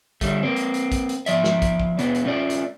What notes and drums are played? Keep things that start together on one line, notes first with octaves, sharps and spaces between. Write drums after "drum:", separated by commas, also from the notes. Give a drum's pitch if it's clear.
D3 G3 A3, drum: kick, hi-hat
A#3 C4
drum: hi-hat
drum: hi-hat
drum: kick, hi-hat
drum: hi-hat
F3 D5 E5, drum: hi-hat
drum: snare
drum: kick, hi-hat
drum: kick
B2 B3 D4, drum: hi-hat
drum: hi-hat
A3 C#4 F4 D5
drum: hi-hat